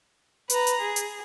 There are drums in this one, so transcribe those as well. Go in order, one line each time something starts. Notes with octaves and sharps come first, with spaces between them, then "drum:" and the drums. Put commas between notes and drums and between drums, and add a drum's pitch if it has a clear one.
B4 A#5, drum: hi-hat
drum: hi-hat
G#4
drum: hi-hat